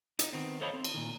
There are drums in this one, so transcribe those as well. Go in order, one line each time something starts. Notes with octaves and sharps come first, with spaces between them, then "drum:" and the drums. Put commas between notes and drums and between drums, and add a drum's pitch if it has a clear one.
D#4, drum: hi-hat
D#3 B3 C4
A4 C5 C#5 D#5 F5 B5
C4
drum: cymbal
A#2 D#3